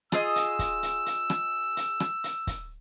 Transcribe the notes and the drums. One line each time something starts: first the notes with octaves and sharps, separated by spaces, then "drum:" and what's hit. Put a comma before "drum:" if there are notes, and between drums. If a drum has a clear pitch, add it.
F4 G#4 D#5 E6, drum: rim click
drum: hi-hat
drum: kick, hi-hat
drum: hi-hat
drum: hi-hat
drum: rim click
drum: hi-hat
drum: rim click
drum: hi-hat
drum: kick, hi-hat